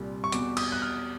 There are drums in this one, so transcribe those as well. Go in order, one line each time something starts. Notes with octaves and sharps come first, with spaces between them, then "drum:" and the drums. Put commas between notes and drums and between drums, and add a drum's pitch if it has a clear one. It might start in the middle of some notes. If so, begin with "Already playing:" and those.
Already playing: C2 A#2 G3
C#6
E2 B2 G3 D6, drum: hi-hat
D#6, drum: cymbal
F#6
F6